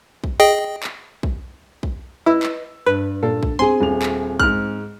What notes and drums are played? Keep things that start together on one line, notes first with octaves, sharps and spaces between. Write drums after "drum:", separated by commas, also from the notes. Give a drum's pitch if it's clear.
drum: kick
G#4 D#5 G5
drum: clap
drum: kick
drum: kick
E4 B4 D#5 E6
drum: clap
G2 B4
A#2 A4
drum: kick
C4 G#4 G#5 C6
D#1 F7
drum: clap
G#2 F6 F#6, drum: kick